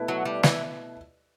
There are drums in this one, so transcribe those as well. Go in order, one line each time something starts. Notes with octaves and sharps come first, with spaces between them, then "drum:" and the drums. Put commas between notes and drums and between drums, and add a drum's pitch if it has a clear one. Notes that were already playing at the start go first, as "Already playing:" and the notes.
Already playing: B2 A3 E4 B4
F#3
G3
E3, drum: snare